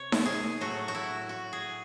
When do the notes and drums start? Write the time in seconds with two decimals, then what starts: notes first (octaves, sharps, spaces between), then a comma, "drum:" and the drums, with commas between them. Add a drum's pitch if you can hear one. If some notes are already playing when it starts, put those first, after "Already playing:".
Already playing: C3 C#5
0.12 drum: snare D#4
0.26 G#4
0.61 A2 F#3 A3 F#4
0.88 F#4
0.95 E4
1.29 F#4
1.53 G#4